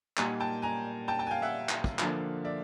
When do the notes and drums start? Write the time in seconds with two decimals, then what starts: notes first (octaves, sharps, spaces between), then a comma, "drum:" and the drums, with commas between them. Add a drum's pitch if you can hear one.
0.17 A#2 G3 A#3 D#4 F#5 G#5, drum: clap
0.40 G5 A5
0.62 G#5 A#5
1.08 G5 A5
1.19 G5 A5
1.27 G#5
1.31 F5 G5
1.42 E5 F#5
1.69 drum: clap
1.84 drum: kick
1.99 D3 F3 A#3 D4 F4, drum: clap
2.44 D5 E5